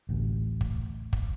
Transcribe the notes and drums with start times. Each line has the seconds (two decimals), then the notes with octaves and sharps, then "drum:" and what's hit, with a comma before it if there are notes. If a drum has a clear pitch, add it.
0.09 A1 D2
0.61 drum: kick
1.13 drum: kick